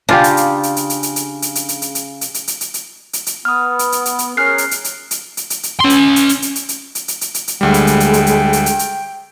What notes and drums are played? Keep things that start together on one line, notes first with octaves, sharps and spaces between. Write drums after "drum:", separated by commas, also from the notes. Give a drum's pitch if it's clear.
C#3 D4 F4 G4
drum: hi-hat
drum: hi-hat
drum: hi-hat
drum: hi-hat
drum: hi-hat
drum: hi-hat
drum: hi-hat
drum: hi-hat
drum: hi-hat
drum: hi-hat
drum: hi-hat
drum: hi-hat
drum: hi-hat
drum: hi-hat
drum: hi-hat
drum: hi-hat
drum: hi-hat
drum: hi-hat
drum: hi-hat
B3 D#6 F6
drum: hi-hat
drum: hi-hat
drum: hi-hat
drum: hi-hat
C#4 G#4 A#4 F6 F#6 C7
drum: hi-hat
drum: hi-hat
drum: hi-hat
drum: hi-hat
drum: hi-hat
drum: hi-hat
drum: hi-hat
C#4 C6
drum: hi-hat
drum: hi-hat
drum: hi-hat
drum: hi-hat
drum: hi-hat
drum: hi-hat
drum: hi-hat
drum: hi-hat
drum: hi-hat
drum: hi-hat
drum: hi-hat
D2 G3 G#3 G5
drum: hi-hat
drum: hi-hat
drum: hi-hat
drum: hi-hat
drum: hi-hat
drum: hi-hat
drum: hi-hat
drum: hi-hat